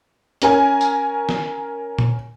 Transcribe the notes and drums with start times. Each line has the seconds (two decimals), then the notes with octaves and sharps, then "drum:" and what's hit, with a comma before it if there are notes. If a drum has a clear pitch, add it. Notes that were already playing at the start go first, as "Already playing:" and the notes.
0.42 C#4 A#4 G#5, drum: hi-hat
0.81 drum: tambourine
1.29 drum: snare
1.99 drum: tom A#2